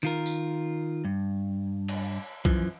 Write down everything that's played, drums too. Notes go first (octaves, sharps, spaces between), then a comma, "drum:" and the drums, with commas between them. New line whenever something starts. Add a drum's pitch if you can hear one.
D#3 F4 A#4
drum: tambourine
G2
drum: cymbal
F#2 E3 F3, drum: kick